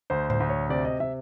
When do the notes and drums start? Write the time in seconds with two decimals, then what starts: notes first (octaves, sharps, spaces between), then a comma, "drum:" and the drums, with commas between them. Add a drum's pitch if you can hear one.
0.10 D2 C5
0.30 C5, drum: tom A2
0.40 D2
0.49 C#5
0.70 C3 D5
0.85 D#5
1.00 C3 E5